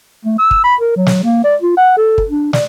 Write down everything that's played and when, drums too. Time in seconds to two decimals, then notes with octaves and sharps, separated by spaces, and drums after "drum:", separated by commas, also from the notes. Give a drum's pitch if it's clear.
0.25 A3
0.38 E6
0.51 drum: kick
0.64 B5
0.81 A#4
0.96 F#3
1.07 drum: snare
1.24 A#3
1.44 D5
1.62 F4
1.77 F#5
1.97 A4
2.18 drum: kick
2.29 D4
2.53 D5, drum: snare